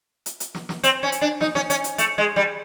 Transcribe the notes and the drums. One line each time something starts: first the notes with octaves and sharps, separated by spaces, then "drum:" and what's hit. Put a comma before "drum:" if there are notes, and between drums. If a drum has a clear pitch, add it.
drum: hi-hat
drum: hi-hat
drum: snare
drum: snare
C4, drum: hi-hat
C#4
drum: hi-hat
D4
D#4, drum: snare
C#4, drum: snare
C#4, drum: hi-hat
drum: hi-hat
A3, drum: hi-hat
G#3
G3